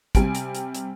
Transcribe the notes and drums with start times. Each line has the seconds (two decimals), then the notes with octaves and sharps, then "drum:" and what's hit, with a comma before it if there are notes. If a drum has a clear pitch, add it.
0.15 C3 G3 G#5 D7, drum: kick, hi-hat
0.35 drum: hi-hat
0.55 drum: hi-hat
0.75 drum: hi-hat